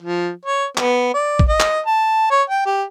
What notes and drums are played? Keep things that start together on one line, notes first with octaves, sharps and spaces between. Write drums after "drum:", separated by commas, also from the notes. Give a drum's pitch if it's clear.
F3
C#5
B3, drum: clap
D5
drum: kick A1
D#5
drum: clap
A5
C#5
G5
G4